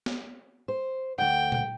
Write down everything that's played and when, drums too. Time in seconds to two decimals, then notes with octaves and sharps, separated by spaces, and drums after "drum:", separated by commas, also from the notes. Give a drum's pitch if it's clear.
0.06 drum: snare B3
0.68 C5
1.18 D2 F#5 G5
1.52 drum: tom A#2